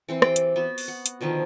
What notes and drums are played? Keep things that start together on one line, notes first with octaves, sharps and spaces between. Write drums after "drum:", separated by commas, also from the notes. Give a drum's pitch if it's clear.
E3 C4 C5
G4 D5 G5, drum: rim click
drum: hi-hat
B3 F#4
drum: open hi-hat
F#5
drum: hi-hat
B2 D3 D#3 F3